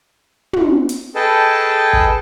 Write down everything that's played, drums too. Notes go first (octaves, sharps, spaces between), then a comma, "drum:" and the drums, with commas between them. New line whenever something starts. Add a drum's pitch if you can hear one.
drum: tom
drum: hi-hat
G#4 A4 B4 D#5 G5 A5
drum: kick